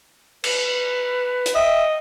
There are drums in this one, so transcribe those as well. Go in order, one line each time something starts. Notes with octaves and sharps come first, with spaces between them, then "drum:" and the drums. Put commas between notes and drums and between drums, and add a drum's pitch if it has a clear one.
B4, drum: cymbal
drum: hi-hat
D#5 E5 G5